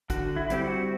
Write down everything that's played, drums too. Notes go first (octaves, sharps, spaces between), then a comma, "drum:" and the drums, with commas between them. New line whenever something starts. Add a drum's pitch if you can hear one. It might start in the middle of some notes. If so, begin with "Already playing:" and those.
D3 F#4, drum: kick, hi-hat
E4
G3 C4 G4, drum: hi-hat
F#4